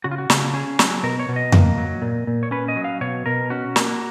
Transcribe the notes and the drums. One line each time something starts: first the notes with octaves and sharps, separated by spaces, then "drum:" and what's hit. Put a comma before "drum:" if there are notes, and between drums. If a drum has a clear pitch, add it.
C#3 F#4
F4
F#4
C#3, drum: snare
C#4 G#4
F#3, drum: snare
B2 A#4
C#5
B2
D#5
A#3, drum: tom F2
F#3
A#2
A#2
C#5
C#4 B4
D#5
F#3
F5
B2 C#5
B2 A#4
C#4 F#4
A#3, drum: snare